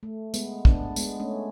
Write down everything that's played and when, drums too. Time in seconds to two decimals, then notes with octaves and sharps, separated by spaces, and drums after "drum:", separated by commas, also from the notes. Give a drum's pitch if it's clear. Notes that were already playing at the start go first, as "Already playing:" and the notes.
0.03 A3
0.34 G#3 B3, drum: tambourine
0.65 B3 D4, drum: kick
0.96 G#3 B3, drum: tambourine
1.20 A3 C#4